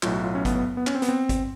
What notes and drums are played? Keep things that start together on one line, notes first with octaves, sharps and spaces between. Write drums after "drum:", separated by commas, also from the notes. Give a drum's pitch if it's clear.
B1 A2 F#3 F4, drum: clap
F#4
F4
C#4
B3, drum: kick G#1, hi-hat
B3
B3
C#4, drum: clap
C4
B3, drum: hi-hat
C4
drum: kick G#1, hi-hat